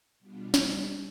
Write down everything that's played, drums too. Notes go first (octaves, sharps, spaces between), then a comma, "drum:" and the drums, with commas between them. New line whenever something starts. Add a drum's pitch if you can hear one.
B2 G3 B3 D4 F4
G3 C4 D#4, drum: snare